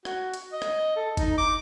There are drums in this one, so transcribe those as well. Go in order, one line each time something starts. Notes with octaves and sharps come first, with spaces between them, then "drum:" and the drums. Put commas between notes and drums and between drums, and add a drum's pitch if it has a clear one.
F#4, drum: rim click
drum: hi-hat
D#5
drum: rim click
A4
D#4, drum: kick G1, hi-hat
D6